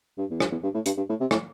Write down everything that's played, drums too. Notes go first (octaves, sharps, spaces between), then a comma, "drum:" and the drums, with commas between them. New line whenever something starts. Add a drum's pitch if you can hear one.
G2
E2
G2, drum: rim click
E2
G2
A2
G2, drum: hi-hat
G2
A2
C3
A2, drum: rim click